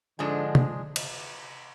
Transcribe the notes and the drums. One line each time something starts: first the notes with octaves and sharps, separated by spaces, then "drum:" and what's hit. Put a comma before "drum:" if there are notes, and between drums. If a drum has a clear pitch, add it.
G#2 D3 F3 G#3 D4 G#4
drum: tom C3
drum: cymbal